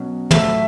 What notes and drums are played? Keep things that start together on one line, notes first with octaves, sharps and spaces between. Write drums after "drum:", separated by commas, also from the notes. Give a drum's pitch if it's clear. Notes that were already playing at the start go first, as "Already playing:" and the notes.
Already playing: B2 F#3 C#4
A2 F#3 A3 E5, drum: tom